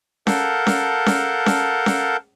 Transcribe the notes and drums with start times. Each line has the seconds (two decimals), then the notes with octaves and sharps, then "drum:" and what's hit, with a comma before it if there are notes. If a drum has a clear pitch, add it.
0.27 A4 A#4 F5 F#5 A5 G6, drum: snare C#4
0.67 drum: snare C#4
1.06 drum: snare C#4
1.46 drum: snare C#4
1.86 drum: snare C#4